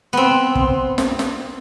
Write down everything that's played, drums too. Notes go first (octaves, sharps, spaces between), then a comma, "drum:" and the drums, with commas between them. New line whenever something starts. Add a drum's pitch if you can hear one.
B3 C4
drum: kick
drum: snare
drum: snare